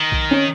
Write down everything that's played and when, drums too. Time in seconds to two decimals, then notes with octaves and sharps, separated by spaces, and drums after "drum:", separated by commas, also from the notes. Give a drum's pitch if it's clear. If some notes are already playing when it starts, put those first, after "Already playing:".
Already playing: D#3
0.12 drum: kick B1
0.31 C#4